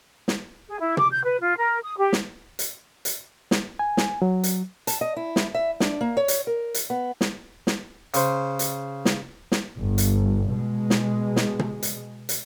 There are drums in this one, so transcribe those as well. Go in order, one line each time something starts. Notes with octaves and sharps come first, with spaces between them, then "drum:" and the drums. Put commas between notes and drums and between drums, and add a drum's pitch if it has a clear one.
drum: snare
G#4
E4
D6, drum: tom
G6
B4
F4
A#4
D#6
G4
drum: snare
drum: hi-hat
drum: hi-hat
drum: snare
G#5
drum: snare
F#3
drum: hi-hat
A5, drum: hi-hat
D#5
E4
drum: snare
E5
D4, drum: snare
A#3
C#5
drum: hi-hat
A#4
drum: hi-hat
B3
drum: snare
drum: snare
C#3 C5, drum: hi-hat
drum: hi-hat
drum: snare
drum: snare
G1
drum: hi-hat
B2 G#3
drum: snare
drum: snare
drum: tom
drum: hi-hat
drum: hi-hat